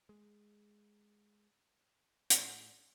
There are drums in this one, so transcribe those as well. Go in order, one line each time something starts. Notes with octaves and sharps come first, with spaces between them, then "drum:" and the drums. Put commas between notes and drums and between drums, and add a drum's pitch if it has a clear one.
G#3
A2, drum: hi-hat